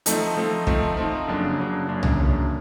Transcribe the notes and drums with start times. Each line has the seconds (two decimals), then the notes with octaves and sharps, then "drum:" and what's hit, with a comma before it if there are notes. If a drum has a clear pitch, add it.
0.06 F3 A3 C4 D#4, drum: hi-hat
0.37 F3 A3 C4 D#4
0.67 F3 A3 C4 D#4, drum: kick
0.97 F3 A3 C4 D#4
1.27 F#2 C#3 F#3 A#3 D4
1.58 F#2 C#3 F#3 A#3 D4
1.89 F#2 C#3 F#3 A#3 D4
2.03 drum: tom C2
2.20 F#2 C#3 F#3 A#3 D4